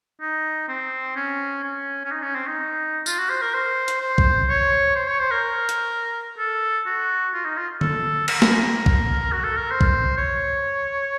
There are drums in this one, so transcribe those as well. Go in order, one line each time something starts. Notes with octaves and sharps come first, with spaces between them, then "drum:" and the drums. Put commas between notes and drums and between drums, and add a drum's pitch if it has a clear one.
D#4
C4
C#4
C#4
C#4
D#4
C#4
C4
D#4
F4, drum: tambourine
F#4
C5
A#4
C5
drum: hi-hat
C5
drum: kick B1
C#5
C5
C#5
C5
A#4
drum: hi-hat
A4
F#4
F4
D#4
F4
A4, drum: tom D3
A#4, drum: cymbal
drum: snare
drum: kick B1
F#4
A4
A#4
C5
drum: kick B1
C#5